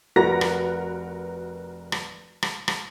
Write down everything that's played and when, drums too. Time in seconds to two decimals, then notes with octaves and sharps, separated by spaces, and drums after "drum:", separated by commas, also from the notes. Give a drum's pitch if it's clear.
0.16 F1 F#4 A#4 B4 A#5 A#6
0.41 drum: rim click
1.92 drum: rim click
2.43 drum: rim click
2.68 drum: rim click